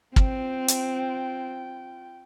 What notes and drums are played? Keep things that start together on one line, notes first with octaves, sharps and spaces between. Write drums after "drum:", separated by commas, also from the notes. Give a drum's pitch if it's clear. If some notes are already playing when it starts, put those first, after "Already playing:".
C4 F4 G5, drum: kick
drum: hi-hat